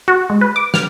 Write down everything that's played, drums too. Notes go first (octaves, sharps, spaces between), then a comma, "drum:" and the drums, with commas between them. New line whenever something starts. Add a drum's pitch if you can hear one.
F#4
G#3
B4
D6
F6, drum: snare